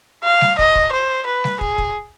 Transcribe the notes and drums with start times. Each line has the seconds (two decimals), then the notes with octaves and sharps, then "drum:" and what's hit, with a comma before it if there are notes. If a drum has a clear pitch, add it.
0.24 F5
0.41 drum: snare G3
0.59 D#5, drum: kick
0.75 drum: kick
0.93 C5
1.27 B4
1.44 drum: snare G3
1.61 G#4, drum: kick
1.78 drum: kick